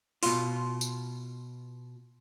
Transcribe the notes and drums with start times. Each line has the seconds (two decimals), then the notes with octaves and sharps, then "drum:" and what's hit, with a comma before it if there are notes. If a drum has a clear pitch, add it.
0.23 B2 F4, drum: open hi-hat
0.81 drum: tambourine